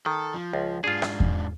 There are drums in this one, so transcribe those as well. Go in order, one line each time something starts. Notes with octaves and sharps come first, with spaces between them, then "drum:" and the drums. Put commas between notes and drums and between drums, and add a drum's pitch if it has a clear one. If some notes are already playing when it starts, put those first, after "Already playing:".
D#3 A4
F3
C#2
G#2 D4 F4 G#4
drum: rim click
drum: kick E2